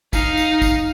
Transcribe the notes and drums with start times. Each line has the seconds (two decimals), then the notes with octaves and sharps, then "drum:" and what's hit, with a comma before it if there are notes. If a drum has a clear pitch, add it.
0.13 D#4 F5, drum: kick A1, tambourine
0.37 drum: tambourine
0.62 drum: kick A1, tambourine